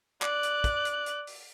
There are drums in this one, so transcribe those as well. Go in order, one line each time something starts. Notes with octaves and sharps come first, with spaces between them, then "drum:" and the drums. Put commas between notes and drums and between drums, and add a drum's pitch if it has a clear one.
D5 F#6, drum: clap
drum: hi-hat
drum: kick, hi-hat
drum: hi-hat
drum: hi-hat
drum: open hi-hat